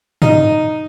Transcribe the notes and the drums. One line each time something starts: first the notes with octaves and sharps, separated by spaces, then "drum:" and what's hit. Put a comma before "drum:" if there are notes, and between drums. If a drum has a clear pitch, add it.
D#4, drum: tom